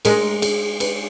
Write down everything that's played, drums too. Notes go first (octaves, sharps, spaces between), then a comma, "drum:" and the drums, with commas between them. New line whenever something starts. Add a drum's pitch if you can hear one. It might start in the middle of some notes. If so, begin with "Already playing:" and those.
G#3 A#4, drum: cymbal
G#4, drum: cymbal
B4, drum: cymbal